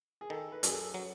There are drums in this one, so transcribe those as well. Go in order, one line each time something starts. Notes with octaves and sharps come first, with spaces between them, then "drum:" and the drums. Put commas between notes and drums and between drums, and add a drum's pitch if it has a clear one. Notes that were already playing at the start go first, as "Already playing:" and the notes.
G#4
D#3 A4
B4
F#2 G#4, drum: hi-hat
A4
F#3